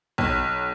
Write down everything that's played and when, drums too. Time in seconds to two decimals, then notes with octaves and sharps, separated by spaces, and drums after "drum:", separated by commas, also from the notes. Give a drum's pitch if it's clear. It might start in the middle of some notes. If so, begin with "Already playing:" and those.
0.18 B1, drum: kick